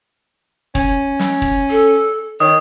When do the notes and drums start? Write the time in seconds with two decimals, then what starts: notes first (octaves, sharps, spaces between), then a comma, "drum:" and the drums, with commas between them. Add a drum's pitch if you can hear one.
0.75 C#4, drum: kick
1.19 drum: snare
1.42 drum: kick
1.70 A4
2.40 D#3 C#5 D#6